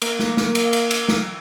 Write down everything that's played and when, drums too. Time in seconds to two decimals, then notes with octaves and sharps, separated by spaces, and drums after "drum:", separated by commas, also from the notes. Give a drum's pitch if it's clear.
0.02 A#3, drum: cymbal
0.19 drum: snare
0.37 drum: snare
0.55 drum: cymbal
0.73 drum: cymbal
0.91 drum: cymbal
1.08 drum: snare